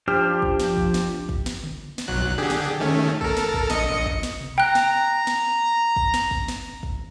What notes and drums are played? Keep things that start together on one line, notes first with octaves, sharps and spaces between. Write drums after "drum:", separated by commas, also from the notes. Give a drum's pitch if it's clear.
F3 D4 G4 C5 F6
drum: kick
drum: snare
drum: kick
drum: snare
drum: kick
drum: snare
drum: tom C#3
drum: snare
B1 F#3 F#6
D3 G4 G#4
drum: snare
D#3 A3 C#4
A4 A#4, drum: kick
drum: snare
drum: kick
A#1 D#5 C#7, drum: snare
drum: kick
drum: snare
drum: tom B2
G5 A#5 F#6
drum: snare
drum: snare
drum: kick
drum: snare
drum: kick
drum: snare
drum: kick